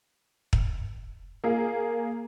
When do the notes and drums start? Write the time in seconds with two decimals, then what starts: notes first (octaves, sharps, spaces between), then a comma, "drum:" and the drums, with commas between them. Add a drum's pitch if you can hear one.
0.53 drum: kick
1.44 A#3 G#4